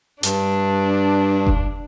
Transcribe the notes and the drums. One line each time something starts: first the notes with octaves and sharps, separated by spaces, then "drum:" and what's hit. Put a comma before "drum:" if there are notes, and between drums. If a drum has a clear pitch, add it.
G2 D4, drum: hi-hat
drum: kick F1